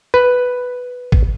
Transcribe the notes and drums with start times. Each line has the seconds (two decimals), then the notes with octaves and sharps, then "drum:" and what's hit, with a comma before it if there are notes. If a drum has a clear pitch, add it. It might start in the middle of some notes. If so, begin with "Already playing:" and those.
0.14 B4
1.12 drum: kick